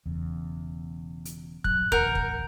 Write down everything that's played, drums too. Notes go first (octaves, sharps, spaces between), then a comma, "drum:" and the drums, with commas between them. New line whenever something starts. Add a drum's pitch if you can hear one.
E1 E2 C#3
drum: hi-hat
A1 G2 F#3 F#6, drum: kick
D#1 A1 D2 A#4 F#5 G6, drum: kick
drum: kick